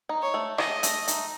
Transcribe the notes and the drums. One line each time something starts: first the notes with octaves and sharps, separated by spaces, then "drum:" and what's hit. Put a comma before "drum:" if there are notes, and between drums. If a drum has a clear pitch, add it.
D#4
C#5
A3
G#4 D#5, drum: rim click
A3, drum: hi-hat
D#4, drum: hi-hat